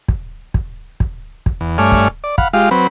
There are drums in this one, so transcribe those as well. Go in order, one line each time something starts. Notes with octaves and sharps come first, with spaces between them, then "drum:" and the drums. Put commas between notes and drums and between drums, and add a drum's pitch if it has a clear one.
drum: kick
drum: kick
drum: kick
drum: kick
E2
G2 A3 C#5 D5 G#5 F6
drum: kick
D5
F5 F#5 B5, drum: kick
G#3 F4 G4 F5
F#3 C4 B4 B5